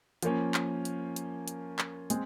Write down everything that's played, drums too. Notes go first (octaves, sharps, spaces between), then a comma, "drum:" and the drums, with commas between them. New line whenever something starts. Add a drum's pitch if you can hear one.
F3 A#3 C#4, drum: hi-hat
drum: clap
drum: hi-hat
drum: hi-hat
drum: hi-hat
drum: clap
G#3 C4, drum: hi-hat